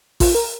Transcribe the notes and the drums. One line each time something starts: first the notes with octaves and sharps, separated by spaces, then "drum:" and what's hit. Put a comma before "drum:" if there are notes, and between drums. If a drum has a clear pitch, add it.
F4, drum: kick A1, open hi-hat
A#4